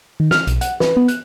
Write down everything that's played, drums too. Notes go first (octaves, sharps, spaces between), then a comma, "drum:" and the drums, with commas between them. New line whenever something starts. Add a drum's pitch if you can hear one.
D#3
F6, drum: snare
B1, drum: hi-hat
F#5, drum: hi-hat
B4, drum: snare
B3
F#6, drum: hi-hat